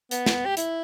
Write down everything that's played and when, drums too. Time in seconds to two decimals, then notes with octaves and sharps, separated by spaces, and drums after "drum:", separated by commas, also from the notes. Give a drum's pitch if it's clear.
0.11 B3, drum: hi-hat
0.26 drum: snare
0.45 G4
0.57 E4, drum: hi-hat